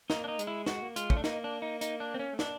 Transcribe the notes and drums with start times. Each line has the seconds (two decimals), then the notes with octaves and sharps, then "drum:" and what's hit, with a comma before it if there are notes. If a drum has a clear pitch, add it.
0.10 A#3 D#4, drum: snare
0.24 D4
0.28 D#4
0.39 G#3, drum: hi-hat
0.47 E4
0.66 G#3 F#4, drum: snare
0.82 A#3
0.96 G#3 F4, drum: hi-hat
1.10 A3 C#4, drum: kick
1.17 D4
1.24 A#3 D#4, drum: snare
1.44 D4
1.62 D#4
1.81 D#4, drum: hi-hat
2.00 D4
2.14 C4
2.19 C#4
2.33 A3
2.39 A#3 D4, drum: snare